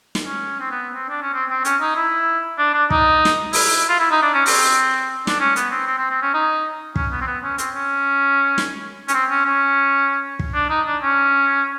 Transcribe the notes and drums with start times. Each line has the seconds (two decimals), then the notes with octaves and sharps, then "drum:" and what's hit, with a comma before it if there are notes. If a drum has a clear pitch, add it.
0.15 drum: snare
0.25 C#4
0.60 C4
0.71 B3
0.94 C4
1.09 D4
1.22 C#4
1.34 C4
1.50 C4
1.65 C#4, drum: hi-hat
1.81 D#4
1.96 E4
2.58 D4
2.74 D4
2.90 D#4, drum: kick
3.25 drum: snare
3.53 E4, drum: open hi-hat
3.89 F4
3.99 E4
4.11 D#4
4.22 D4
4.34 C#4
4.46 C4, drum: open hi-hat
5.27 D4, drum: snare
5.40 C#4
5.56 B3, drum: hi-hat
5.71 C4
5.87 C4
5.98 C4
6.11 C4
6.22 C#4
6.34 D#4
6.96 C#4, drum: kick
7.12 B3
7.21 C4
7.27 B3
7.43 C#4
7.58 C4, drum: hi-hat
7.74 C#4
8.58 drum: snare
9.08 C#4, drum: hi-hat
9.14 C4
9.30 C#4
9.45 C#4
10.39 drum: kick
10.55 D4
10.70 D#4
10.86 D4
11.02 C#4